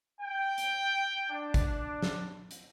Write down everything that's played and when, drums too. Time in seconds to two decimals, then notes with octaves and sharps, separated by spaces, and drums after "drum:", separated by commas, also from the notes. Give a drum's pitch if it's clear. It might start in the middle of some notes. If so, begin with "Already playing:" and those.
0.21 G5
0.58 drum: hi-hat
1.30 D4
1.54 drum: kick G#1, hi-hat
2.02 drum: snare
2.51 drum: hi-hat